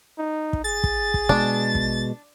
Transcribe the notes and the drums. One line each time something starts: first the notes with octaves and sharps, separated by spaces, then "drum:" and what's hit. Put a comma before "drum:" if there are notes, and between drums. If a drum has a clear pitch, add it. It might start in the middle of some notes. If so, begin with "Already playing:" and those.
D#4
drum: kick
G#4 A6
drum: kick
drum: kick
B2 G#3 D4
drum: kick